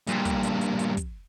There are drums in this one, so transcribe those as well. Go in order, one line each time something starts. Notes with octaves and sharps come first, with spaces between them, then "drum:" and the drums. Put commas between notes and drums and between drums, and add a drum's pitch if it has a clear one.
G2 A#2, drum: hi-hat
drum: kick, hi-hat
drum: hi-hat
drum: hi-hat
drum: hi-hat
drum: kick, hi-hat